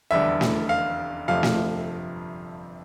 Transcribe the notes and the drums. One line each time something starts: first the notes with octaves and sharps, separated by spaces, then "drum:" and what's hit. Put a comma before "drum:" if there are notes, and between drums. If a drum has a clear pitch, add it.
F1 E2 D3 G3 E5
drum: snare
F5
G1 F2 C3 F3 A3 F5
drum: snare